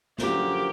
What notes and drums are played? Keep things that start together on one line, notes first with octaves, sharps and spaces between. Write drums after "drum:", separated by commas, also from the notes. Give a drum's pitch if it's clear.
F#2 D3 F3 A#3 G4, drum: snare